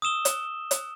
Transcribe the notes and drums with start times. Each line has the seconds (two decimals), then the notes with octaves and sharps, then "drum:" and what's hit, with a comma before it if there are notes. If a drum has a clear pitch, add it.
0.02 D#6 E6 E7 G7
0.25 drum: hi-hat
0.71 drum: hi-hat